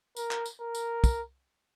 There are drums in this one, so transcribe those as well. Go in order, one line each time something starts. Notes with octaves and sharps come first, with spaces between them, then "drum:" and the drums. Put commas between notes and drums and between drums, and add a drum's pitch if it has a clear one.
A#4, drum: tambourine
drum: clap
drum: tambourine
A#4
drum: tambourine
drum: kick, tambourine